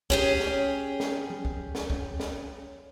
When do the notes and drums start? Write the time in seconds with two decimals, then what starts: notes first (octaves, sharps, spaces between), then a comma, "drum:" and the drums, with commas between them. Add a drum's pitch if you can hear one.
0.10 C#4 G4 G#4, drum: kick
0.40 drum: snare
1.00 drum: snare
1.30 drum: tom F3
1.45 drum: kick
1.75 drum: snare
1.90 drum: kick
2.20 drum: snare